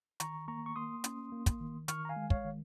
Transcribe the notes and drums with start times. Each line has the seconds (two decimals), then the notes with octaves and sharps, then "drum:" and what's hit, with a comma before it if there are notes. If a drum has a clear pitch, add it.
0.20 D#3 A#5 C#6, drum: hi-hat
0.48 A#3 A#5 C#6
0.66 C#6
0.76 A#3 C6 D#6
1.04 C#4, drum: hi-hat
1.32 A#3
1.46 drum: kick, hi-hat
1.60 D#3
1.88 D#3 C#6 F6, drum: hi-hat
2.05 A#5
2.09 F5 G#5
2.16 G#3
2.30 C#5 F5, drum: kick
2.44 D#3